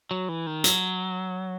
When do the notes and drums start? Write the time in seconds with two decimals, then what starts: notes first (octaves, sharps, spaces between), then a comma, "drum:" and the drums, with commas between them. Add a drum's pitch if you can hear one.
0.11 F#3
0.29 E3
0.47 D#3
0.64 F#3, drum: hi-hat